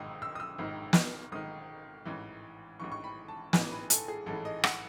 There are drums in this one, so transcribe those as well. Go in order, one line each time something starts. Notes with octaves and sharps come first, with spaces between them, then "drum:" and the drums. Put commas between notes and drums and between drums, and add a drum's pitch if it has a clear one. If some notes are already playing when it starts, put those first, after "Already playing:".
Already playing: G#1 G#2 D#3 D#6 E6
E6
D#6
E6
G#1 G#2 D#3
drum: snare
G#1 G#2 D#3 D#6
A1 G#2 E3
A1 G#2 E3 C#6
C#6
B5
A5
A1 G#2 E3 G#5, drum: snare
B4
A4, drum: hi-hat
G#4
A1 G#2 E3 A4
D#5
F#5, drum: rim click